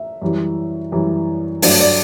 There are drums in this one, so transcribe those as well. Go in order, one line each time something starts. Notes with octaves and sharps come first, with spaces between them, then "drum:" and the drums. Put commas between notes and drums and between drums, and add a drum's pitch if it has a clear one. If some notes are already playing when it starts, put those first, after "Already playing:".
Already playing: E5
F#2 E3 G3
F#2 E3 G3
G2 F#3 A3 D5, drum: open hi-hat
D5